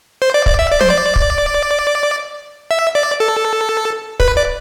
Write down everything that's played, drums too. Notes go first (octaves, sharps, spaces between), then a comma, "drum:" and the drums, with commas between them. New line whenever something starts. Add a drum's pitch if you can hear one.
C5
D5
D5, drum: kick
E5
D5
C5, drum: tom
D5
drum: kick
E5
D5
A4
B4, drum: kick
D5